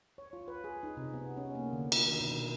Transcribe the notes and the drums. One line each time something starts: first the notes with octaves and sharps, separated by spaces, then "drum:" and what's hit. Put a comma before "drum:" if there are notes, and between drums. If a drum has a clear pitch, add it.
C#5
F4
B4
G#4
D#4
C3
B3
C#4
A#3
D3
drum: cymbal
D#3
B2